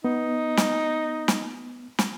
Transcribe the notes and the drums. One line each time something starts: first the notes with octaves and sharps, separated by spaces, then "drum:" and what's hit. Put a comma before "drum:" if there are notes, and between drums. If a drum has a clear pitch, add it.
B3 D#4
drum: snare
drum: snare
drum: snare